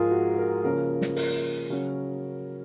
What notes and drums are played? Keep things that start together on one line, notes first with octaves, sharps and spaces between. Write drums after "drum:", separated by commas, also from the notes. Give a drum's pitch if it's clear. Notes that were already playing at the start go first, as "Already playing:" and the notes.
Already playing: G#2 F3 G#3 D#4 F4 G#4 A#4
F#4
A#4
C#3 F3 A#3 C#4 A#4
drum: snare
A#4, drum: open hi-hat
C#3 F#3 C#4